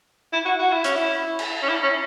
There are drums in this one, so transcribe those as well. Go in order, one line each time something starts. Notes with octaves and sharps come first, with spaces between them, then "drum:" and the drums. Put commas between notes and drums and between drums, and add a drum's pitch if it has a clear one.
E4
F#4
F#4
E4
C#4, drum: hi-hat
E4
drum: cymbal
C#4
E4
C#4